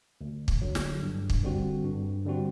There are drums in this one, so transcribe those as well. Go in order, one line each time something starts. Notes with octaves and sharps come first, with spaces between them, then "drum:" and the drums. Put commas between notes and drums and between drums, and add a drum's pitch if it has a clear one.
D2
drum: kick
D3 F#3
drum: snare
G2
drum: kick
D3 G3 C4 F#4
G2
D3 G3 C4 F#4